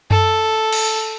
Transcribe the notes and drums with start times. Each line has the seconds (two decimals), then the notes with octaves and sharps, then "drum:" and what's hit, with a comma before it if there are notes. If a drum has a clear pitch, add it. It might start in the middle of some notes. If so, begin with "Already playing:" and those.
0.11 A4, drum: tom F#2
0.73 drum: cymbal